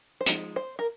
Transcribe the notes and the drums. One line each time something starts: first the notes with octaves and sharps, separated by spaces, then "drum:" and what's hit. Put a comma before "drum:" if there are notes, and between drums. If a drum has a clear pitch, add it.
C5
F3 G#3 D#4, drum: hi-hat
C5
A#4